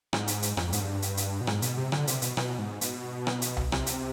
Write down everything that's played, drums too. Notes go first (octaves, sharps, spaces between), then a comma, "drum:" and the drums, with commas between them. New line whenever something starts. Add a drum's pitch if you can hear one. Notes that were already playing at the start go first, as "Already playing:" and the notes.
G#2, drum: rim click
drum: hi-hat
drum: hi-hat
F2, drum: rim click
G#2, drum: hi-hat
G2
drum: hi-hat
drum: hi-hat
B2
G#2, drum: rim click
B2, drum: hi-hat
C3
D3, drum: rim click
C3, drum: hi-hat
B2, drum: hi-hat
B2, drum: rim click
G#2
B2, drum: hi-hat
drum: rim click
drum: hi-hat
drum: tom C2
C3, drum: rim click
drum: hi-hat